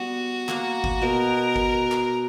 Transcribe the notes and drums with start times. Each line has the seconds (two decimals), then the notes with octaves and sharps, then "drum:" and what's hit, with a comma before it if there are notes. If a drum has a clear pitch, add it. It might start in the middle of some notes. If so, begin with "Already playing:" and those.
Already playing: G3 B3 F#4
0.49 A#3, drum: clap
0.84 drum: kick G1
1.02 B2 A#4
1.56 drum: kick G1
1.92 drum: clap